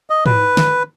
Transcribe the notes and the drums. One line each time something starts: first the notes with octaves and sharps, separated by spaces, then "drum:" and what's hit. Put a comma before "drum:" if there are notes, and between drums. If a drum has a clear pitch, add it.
D#5
B4, drum: tom G#2
drum: snare